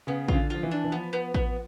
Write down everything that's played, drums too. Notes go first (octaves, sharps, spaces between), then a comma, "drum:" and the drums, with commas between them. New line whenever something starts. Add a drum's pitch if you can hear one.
C#3 B3
C#3 F4, drum: kick A1
D3
F3 F4
E3
D4
E3
F3 B3
B3
B3, drum: kick A1